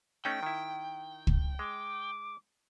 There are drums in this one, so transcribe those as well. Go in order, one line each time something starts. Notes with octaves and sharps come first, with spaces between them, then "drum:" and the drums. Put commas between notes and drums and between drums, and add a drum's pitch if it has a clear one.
A3 C#4 D#4 G5
D#3 E4
drum: kick
G#3 D6